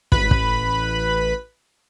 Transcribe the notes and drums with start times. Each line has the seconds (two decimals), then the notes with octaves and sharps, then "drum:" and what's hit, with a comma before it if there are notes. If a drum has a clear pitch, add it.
0.12 A1 B4 B5, drum: kick
0.31 drum: kick